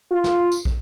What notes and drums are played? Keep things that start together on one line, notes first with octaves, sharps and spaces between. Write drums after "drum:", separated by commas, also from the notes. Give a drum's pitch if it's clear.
F4
drum: snare
drum: tambourine
drum: kick